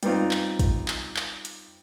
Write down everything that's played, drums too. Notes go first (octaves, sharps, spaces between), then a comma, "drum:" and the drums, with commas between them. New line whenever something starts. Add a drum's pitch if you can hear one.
G3 B3 C4 D#4 F4, drum: hi-hat
drum: clap
drum: kick, hi-hat
drum: clap
drum: clap
drum: hi-hat